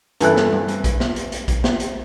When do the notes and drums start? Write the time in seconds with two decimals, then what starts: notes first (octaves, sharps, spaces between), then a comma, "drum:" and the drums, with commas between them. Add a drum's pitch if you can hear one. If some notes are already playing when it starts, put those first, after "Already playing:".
0.21 G2 C#3 E3 E4 A4 F#6, drum: hi-hat
0.36 drum: snare
0.52 drum: tom G3
0.68 drum: hi-hat
0.84 drum: kick A#1, hi-hat
1.00 drum: snare
1.16 drum: hi-hat
1.32 drum: hi-hat
1.48 drum: kick A#1, hi-hat
1.64 drum: snare
1.80 drum: hi-hat